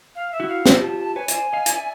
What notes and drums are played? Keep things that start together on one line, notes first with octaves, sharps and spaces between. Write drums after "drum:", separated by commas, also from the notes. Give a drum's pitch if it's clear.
F5
E5
E4 F#4
F5
F4 G4, drum: snare
A5
A5
B4 C#5 G#5
C5 D5, drum: hi-hat
D#5 F5
D5 E5, drum: hi-hat